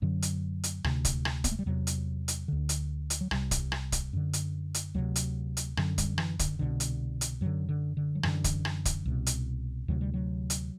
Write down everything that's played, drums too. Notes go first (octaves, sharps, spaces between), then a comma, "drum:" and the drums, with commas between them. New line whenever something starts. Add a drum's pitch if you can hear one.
F#2 D3 F#3
drum: hi-hat
drum: hi-hat
D2 C3, drum: rim click
drum: kick, hi-hat
drum: rim click
B3, drum: kick, hi-hat
A3
G3
E2 C3 F#3
drum: hi-hat
drum: hi-hat
D2 D3
drum: hi-hat
drum: hi-hat
F#3
C2 C3 G3, drum: rim click
drum: kick, hi-hat
drum: rim click
drum: kick, hi-hat
F#2 D3
drum: hi-hat
drum: hi-hat
D2 C3 F#3
drum: hi-hat
drum: hi-hat
F#2 D3 F#3, drum: rim click
G3, drum: kick, hi-hat
E3, drum: rim click
D3, drum: kick, hi-hat
C2 B2 D3
drum: hi-hat
drum: hi-hat
F#2 D3 F#3
D3
D3
F#3
F#2 D3 E3, drum: rim click
drum: kick, hi-hat
drum: rim click
drum: kick, hi-hat
C2 B2
drum: hi-hat
D2 C3 F#3
G3
F#3
drum: hi-hat